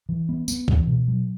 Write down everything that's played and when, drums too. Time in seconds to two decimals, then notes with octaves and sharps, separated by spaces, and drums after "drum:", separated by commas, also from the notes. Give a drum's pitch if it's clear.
0.09 E3
0.29 B3
0.48 B3, drum: tambourine
0.68 E3, drum: kick C#2
0.87 B2
1.08 F#3